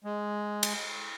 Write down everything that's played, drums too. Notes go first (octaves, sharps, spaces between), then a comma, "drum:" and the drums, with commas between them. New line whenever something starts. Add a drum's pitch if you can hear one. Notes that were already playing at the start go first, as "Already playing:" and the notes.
G#3
drum: cymbal